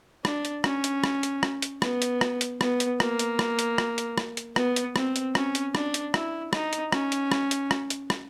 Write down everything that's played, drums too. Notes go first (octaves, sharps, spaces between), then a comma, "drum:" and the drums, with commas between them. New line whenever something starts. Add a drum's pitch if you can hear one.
D4, drum: rim click
drum: hi-hat
C#4, drum: rim click
drum: hi-hat
drum: rim click
drum: hi-hat
drum: rim click
drum: hi-hat
B3, drum: rim click
drum: hi-hat
drum: rim click
drum: hi-hat
B3, drum: rim click
drum: hi-hat
A#3, drum: rim click
drum: hi-hat
drum: rim click
drum: hi-hat
drum: rim click
drum: hi-hat
drum: rim click
drum: hi-hat
B3, drum: rim click
drum: hi-hat
C4, drum: rim click
drum: hi-hat
C#4, drum: rim click
drum: hi-hat
D4, drum: rim click
drum: hi-hat
E4, drum: rim click
D#4, drum: rim click
drum: hi-hat
C#4, drum: rim click
drum: hi-hat
drum: rim click
drum: hi-hat
drum: rim click
drum: hi-hat
drum: rim click